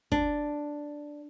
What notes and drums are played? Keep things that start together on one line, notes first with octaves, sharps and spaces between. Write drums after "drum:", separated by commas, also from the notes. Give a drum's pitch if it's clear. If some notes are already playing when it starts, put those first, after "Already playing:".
D4, drum: kick